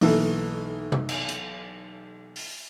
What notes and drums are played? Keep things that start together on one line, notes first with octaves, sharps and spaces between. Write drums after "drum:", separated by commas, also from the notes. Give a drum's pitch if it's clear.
B1 E3 A#3 A4, drum: open hi-hat
drum: tom C3
drum: cymbal
drum: hi-hat
drum: open hi-hat